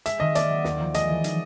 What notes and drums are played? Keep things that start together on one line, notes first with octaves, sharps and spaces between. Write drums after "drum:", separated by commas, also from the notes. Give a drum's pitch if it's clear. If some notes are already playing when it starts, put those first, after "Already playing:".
G#3 E5, drum: hi-hat
D#3 D#5
A#3 D5, drum: hi-hat
F#3
D#2, drum: snare
F3
G#3 D#5, drum: hi-hat
E3
D#4, drum: hi-hat